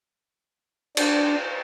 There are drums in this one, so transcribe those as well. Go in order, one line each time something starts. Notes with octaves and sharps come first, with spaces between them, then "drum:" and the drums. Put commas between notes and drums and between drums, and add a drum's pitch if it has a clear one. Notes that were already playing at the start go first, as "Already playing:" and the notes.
D4, drum: cymbal